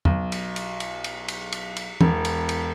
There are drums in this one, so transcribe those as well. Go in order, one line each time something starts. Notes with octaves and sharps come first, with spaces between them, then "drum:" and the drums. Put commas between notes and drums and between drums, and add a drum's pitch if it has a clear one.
B1, drum: tom E2
drum: cymbal
drum: cymbal
drum: cymbal
drum: cymbal
drum: cymbal
drum: cymbal
drum: cymbal
E1, drum: tom
drum: cymbal
drum: cymbal